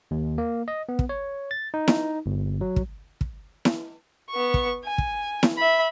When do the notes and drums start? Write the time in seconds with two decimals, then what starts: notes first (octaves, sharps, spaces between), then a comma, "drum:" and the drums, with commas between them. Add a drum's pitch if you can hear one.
0.11 D#2
0.38 A#3
0.68 D#5
0.89 B3
0.99 drum: kick
1.09 C#5
1.51 A6
1.74 D#4
1.88 drum: snare E4
2.26 G1
2.61 F#3
2.76 drum: kick
3.21 drum: kick
3.65 drum: snare E4
4.30 B3 C#6
4.54 drum: kick
4.85 G#5
4.98 drum: kick
5.43 drum: snare E4
5.57 E5 B5